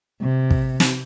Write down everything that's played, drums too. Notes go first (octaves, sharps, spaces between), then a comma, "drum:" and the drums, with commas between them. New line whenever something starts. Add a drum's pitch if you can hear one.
C3
drum: kick
drum: snare